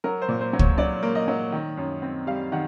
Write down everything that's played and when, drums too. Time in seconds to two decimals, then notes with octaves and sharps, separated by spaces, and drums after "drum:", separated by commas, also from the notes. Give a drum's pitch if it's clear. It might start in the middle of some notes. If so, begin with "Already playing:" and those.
0.04 F#3 A#4
0.22 C5
0.29 A#2
0.41 C5
0.53 F#3
0.59 C#5, drum: kick
0.78 F#3 D5
1.03 A#3
1.15 D#5
1.28 F#3
1.52 D#3
1.77 F#2
2.02 C4
2.27 G3 F5
2.52 D#3 F#5